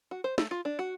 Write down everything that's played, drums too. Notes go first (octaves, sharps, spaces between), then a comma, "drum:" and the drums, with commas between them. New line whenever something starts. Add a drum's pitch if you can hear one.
F#4
C5
A3, drum: snare
F4
D4
F#4